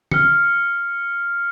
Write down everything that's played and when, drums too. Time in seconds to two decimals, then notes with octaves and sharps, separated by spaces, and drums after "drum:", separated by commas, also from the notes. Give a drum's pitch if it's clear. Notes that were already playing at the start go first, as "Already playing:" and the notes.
0.11 F6 C#7, drum: tom D3